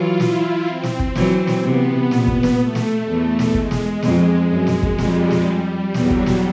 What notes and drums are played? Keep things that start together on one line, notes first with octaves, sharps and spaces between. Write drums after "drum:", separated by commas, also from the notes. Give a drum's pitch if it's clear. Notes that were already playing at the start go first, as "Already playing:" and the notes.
Already playing: E3 F#3 F4
E4, drum: snare
C4
drum: snare
drum: kick
E3 F#3, drum: snare
drum: snare
C3 B3
A#2, drum: snare
drum: kick
drum: snare
A3
drum: snare
E2
drum: snare
G#3, drum: kick
drum: snare
F2 G#3, drum: snare
F#2
drum: snare
drum: kick
F2 G3, drum: snare
drum: snare
E2 F#3, drum: snare
drum: kick
drum: snare